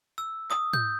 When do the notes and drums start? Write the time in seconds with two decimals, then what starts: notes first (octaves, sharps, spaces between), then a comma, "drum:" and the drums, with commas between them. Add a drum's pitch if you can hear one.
0.18 E6
0.50 D#6, drum: clap
0.73 G6, drum: tom